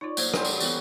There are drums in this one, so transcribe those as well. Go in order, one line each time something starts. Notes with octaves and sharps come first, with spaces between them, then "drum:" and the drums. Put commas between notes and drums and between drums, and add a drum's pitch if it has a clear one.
D#4 F4 C#5 D5
A2 F#3 A#3 C5 C#6, drum: tambourine
F#3 G3 C5 G#5, drum: rim click
drum: tambourine
E3 B3 F#4 A4, drum: tambourine